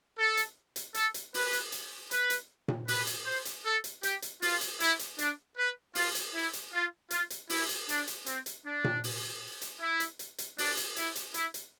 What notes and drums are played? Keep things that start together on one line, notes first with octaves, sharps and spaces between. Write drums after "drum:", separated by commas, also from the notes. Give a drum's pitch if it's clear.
A4
drum: hi-hat
drum: hi-hat
A4, drum: hi-hat
drum: hi-hat
B4, drum: open hi-hat
drum: hi-hat
drum: hi-hat
B4, drum: hi-hat
drum: hi-hat
drum: tom A#2
B4, drum: open hi-hat
drum: hi-hat
C5
drum: hi-hat
A4
drum: hi-hat
G4, drum: hi-hat
drum: hi-hat
F4, drum: open hi-hat
drum: hi-hat
E4, drum: hi-hat
drum: hi-hat
D4, drum: hi-hat
B4
F4, drum: open hi-hat
drum: hi-hat
E4
drum: hi-hat
F4
F4, drum: hi-hat
drum: hi-hat
E4, drum: open hi-hat
drum: hi-hat
D4, drum: hi-hat
drum: hi-hat
C4, drum: hi-hat
drum: hi-hat
D4
drum: tom A#2
drum: open hi-hat
drum: hi-hat
E4
drum: hi-hat
drum: hi-hat
drum: hi-hat
D4, drum: open hi-hat
drum: hi-hat
E4, drum: hi-hat
drum: hi-hat
E4, drum: hi-hat
drum: hi-hat